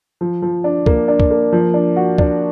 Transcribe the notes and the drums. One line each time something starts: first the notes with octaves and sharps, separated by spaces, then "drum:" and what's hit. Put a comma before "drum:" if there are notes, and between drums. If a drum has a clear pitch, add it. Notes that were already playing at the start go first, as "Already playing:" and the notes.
F3
F3
D4
A#3, drum: kick
D4
drum: kick
A#3
F3
D4
F#4
D4, drum: kick